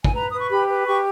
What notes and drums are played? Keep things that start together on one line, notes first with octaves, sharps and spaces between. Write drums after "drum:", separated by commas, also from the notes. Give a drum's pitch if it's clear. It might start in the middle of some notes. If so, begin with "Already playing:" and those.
G#5, drum: kick
B4 A#5
B4 D#6
C#6
G4 B5
B4
G4 C#6